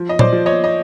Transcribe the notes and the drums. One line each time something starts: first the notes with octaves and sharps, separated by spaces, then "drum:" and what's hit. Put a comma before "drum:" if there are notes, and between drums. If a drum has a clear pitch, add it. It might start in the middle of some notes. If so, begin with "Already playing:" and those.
Already playing: F3
D#5
C5 D5, drum: tom A#2
F3
C#5 D#5
D#5